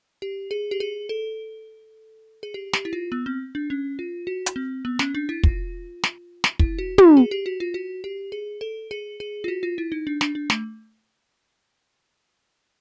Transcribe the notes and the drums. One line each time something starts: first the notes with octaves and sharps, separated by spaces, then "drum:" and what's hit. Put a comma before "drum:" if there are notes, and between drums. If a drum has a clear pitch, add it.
G4
G#4
G4
G#4
A4
G#4
G4
G4, drum: snare
E4
F4
B3
C4
D4
C#4
F4
F#4
drum: hi-hat
C4
B3
C#4, drum: snare
D4
E4
F4, drum: kick
drum: snare
drum: snare
E4, drum: kick
F#4
F#4, drum: tom
G#4
G4
F#4
F4
F#4
G4
G#4
A4
G#4
G#4
F4
F#4
F4
E4
D#4
D4
D4, drum: snare
D4
A3, drum: snare